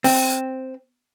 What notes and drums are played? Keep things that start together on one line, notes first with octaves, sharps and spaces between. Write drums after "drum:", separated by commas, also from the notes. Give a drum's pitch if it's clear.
C4, drum: open hi-hat